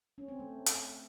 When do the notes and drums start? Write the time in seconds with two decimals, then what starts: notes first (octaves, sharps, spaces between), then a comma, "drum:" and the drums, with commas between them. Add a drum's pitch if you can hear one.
0.18 C#4
0.28 C4
0.40 A3
0.66 drum: hi-hat